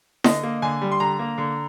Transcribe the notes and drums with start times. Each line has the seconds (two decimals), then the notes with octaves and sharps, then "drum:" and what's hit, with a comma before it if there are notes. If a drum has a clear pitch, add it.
0.24 D3 D#5, drum: snare E4
0.43 A#3
0.62 D3 G#5
0.81 G3
0.92 C6
1.00 D3 A#5
1.19 A#3
1.38 D3